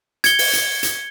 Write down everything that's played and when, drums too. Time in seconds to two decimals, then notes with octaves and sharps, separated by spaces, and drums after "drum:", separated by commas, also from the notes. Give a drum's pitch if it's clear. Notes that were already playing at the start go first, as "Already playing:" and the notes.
0.24 G#6 C#7 G7, drum: hi-hat
0.39 drum: open hi-hat
0.53 drum: hi-hat
0.83 drum: hi-hat